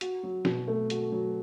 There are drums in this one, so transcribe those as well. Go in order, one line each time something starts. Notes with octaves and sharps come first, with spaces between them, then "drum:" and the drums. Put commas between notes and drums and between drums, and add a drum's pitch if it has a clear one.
F#4, drum: hi-hat
F#3
B2, drum: snare
A3
F#4, drum: hi-hat
F#3